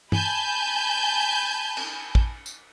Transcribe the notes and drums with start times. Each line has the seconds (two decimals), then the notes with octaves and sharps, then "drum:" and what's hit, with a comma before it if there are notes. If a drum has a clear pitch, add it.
0.12 G#5 A5 B5 G6, drum: tom G2
1.77 drum: cymbal
2.15 drum: kick
2.46 drum: tambourine